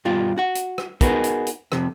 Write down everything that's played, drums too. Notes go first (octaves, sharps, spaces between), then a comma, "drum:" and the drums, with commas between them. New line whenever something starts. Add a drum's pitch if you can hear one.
G2 B2 F4 G4
F#4 F#5
drum: hi-hat
drum: rim click
B3 D#4 F#4 G#4 A#4 B4, drum: kick, hi-hat
drum: hi-hat
drum: hi-hat
F2 C3, drum: rim click